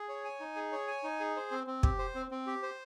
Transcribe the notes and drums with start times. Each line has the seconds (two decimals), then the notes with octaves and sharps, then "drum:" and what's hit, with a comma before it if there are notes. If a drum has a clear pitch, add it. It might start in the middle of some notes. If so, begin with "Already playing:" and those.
Already playing: G#4
0.09 C#5
0.25 G#5
0.40 D#4
0.56 G#4
0.72 C#5
0.88 G#5
1.03 D#4
1.20 G#4
1.36 C5
1.51 C4
1.67 C4
1.83 G4, drum: kick
1.99 C5
2.15 C4
2.31 C4
2.47 G4
2.63 C5